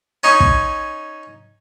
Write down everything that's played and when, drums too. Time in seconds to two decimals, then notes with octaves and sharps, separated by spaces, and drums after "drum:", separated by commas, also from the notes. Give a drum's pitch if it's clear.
0.24 C#4 D#4 G#5
0.40 drum: kick